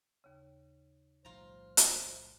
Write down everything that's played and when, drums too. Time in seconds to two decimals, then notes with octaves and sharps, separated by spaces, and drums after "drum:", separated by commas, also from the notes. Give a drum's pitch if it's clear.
0.24 D#2 C#3
1.25 B1 A2 F3 G3 F4 C5 A#5
1.77 drum: hi-hat